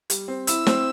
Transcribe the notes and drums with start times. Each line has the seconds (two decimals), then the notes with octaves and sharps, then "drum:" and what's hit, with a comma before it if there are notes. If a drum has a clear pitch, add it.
0.10 G3, drum: hi-hat
0.28 C4
0.47 E4 E6, drum: hi-hat
0.67 C4, drum: snare